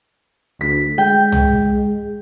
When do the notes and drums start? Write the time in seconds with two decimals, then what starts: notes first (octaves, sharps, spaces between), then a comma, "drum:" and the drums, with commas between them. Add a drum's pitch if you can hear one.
0.61 D2 B6
0.98 G#3 G5
1.32 drum: tom C2